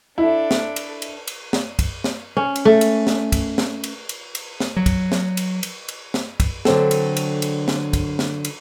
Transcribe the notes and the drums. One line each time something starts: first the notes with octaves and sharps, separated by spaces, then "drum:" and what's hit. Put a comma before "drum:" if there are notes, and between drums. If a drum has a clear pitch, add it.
D4 E4 A4
drum: snare
drum: cymbal
drum: cymbal
drum: cymbal
drum: snare
drum: kick, cymbal
drum: snare
C#4
drum: cymbal
A3
drum: cymbal
drum: snare
drum: kick, cymbal
drum: snare
drum: cymbal
drum: cymbal
drum: cymbal
drum: snare
F#3
drum: kick, cymbal
drum: snare
drum: cymbal
drum: cymbal
drum: cymbal
drum: snare
drum: kick, cymbal
D3 F#3 C4 A4, drum: snare
drum: cymbal
drum: cymbal
drum: cymbal
drum: snare
drum: kick, cymbal
drum: snare
drum: cymbal